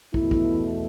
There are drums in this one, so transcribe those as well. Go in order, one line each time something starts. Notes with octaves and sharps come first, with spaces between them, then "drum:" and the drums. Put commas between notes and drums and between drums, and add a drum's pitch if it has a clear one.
E2 B2 A3 E4, drum: kick
drum: kick